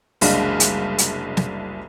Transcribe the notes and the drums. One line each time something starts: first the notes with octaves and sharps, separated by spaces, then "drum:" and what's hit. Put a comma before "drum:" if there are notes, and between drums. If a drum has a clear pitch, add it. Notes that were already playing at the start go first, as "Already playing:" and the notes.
F#1 C2 G#3 D4 F5, drum: open hi-hat
drum: hi-hat
drum: hi-hat
drum: snare